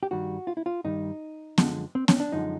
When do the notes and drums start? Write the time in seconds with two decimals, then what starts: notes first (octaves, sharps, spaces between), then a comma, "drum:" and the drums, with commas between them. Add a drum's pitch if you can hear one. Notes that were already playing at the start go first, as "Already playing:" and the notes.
0.03 G4
0.11 G2 D#3 G3 F#4
0.47 F4
0.57 E4
0.66 F4
0.84 G2 D#3 G3 D#4
1.58 F#2 D3 F3 G#3, drum: snare B3
1.95 C4
2.08 C#4, drum: snare B3
2.20 D4
2.32 F#2 D3 F3 G#3 D#4